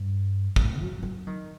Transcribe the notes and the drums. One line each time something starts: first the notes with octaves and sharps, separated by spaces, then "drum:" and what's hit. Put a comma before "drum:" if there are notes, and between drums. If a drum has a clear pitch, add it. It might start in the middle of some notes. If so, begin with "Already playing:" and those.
Already playing: G2
A2, drum: kick
F#3
F#3
D#3